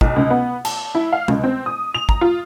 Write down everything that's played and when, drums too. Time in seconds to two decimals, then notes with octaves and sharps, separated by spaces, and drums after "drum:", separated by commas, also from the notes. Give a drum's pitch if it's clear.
0.01 B1, drum: kick
0.16 C#2
0.30 B3
0.65 A5, drum: cymbal
0.95 E4
1.12 F5
1.28 C#2, drum: tom
1.44 C4
1.66 D#6
1.94 F7
2.09 A#5, drum: kick
2.21 F4